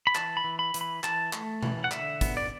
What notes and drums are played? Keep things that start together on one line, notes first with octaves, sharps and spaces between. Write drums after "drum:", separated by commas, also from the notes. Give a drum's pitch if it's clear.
B5
E3 A5, drum: clap
B5
E3
B5
E3, drum: hi-hat
B5
E3 A5, drum: clap
A3, drum: clap
E3, drum: tom B2
F#5
D3 E5, drum: clap
B3, drum: kick, hi-hat
D5